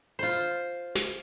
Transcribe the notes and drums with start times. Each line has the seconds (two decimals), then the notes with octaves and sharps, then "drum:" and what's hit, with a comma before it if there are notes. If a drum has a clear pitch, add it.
0.19 F4 C5, drum: open hi-hat
0.95 drum: snare